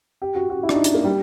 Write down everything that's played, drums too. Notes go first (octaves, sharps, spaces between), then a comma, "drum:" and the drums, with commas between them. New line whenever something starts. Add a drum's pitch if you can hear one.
G4
F#4
F#4
E4
D4, drum: rim click
D#4
D#4, drum: hi-hat
A#3
G3